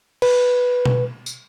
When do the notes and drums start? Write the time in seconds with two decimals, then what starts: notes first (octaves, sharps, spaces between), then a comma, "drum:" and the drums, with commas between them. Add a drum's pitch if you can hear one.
0.22 B4, drum: cymbal
0.85 drum: tom B2
1.26 drum: tambourine